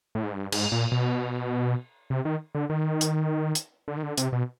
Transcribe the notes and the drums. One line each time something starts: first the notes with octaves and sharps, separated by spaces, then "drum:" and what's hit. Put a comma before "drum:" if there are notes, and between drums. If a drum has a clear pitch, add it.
A2
G#2
G2
G#2, drum: cymbal
A#2
B2
C3
D#3
D3
D#3
drum: hi-hat
drum: hi-hat
D3
D#3
D3
C3, drum: hi-hat
B2